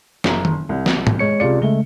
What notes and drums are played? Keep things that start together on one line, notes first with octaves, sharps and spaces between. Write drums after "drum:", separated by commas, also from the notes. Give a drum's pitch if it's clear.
F#1 A#5, drum: snare
drum: tom D#3
C2
drum: snare
drum: tom
G#3 C#5 C#7
C#2 C3 G#3 F4 D5 C#7
C#3 G#3 A3 G7